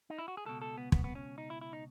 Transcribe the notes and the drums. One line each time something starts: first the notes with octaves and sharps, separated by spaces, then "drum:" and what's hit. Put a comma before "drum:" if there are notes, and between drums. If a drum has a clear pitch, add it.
D#4
E4
F#4
G#4
C#2 B2 A4
A4
B3
B3, drum: kick
B3
C#4
D#4
E4
E4
D#4